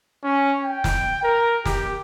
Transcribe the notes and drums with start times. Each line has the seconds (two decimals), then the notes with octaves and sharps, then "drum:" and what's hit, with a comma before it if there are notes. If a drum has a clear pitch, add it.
0.24 C#4
0.63 G5
0.84 drum: snare
1.23 A#4
1.65 G4, drum: snare